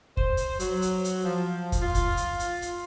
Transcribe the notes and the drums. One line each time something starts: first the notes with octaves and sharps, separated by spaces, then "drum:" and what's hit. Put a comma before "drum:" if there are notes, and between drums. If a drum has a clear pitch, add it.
C5, drum: kick
drum: hi-hat
F#3, drum: hi-hat
drum: hi-hat
drum: hi-hat
F3
drum: kick, hi-hat
F4
drum: kick, hi-hat
drum: hi-hat
drum: hi-hat
drum: hi-hat